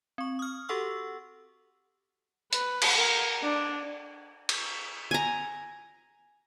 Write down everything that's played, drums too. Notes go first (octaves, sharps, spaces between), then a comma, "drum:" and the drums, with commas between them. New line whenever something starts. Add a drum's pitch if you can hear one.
C4 C#6
D#6 F6
F#4 G4 A4 F#5 C#6 E6
B4, drum: hi-hat
drum: cymbal
A#4
D4
drum: cymbal
G#5 A#5